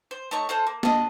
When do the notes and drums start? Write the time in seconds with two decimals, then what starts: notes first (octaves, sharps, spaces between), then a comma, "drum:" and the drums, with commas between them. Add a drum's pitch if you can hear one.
0.11 C5
0.31 A3 D#4 C#5 C#6
0.49 F4 A4 C5
0.67 A#3
0.83 D4 D#5, drum: snare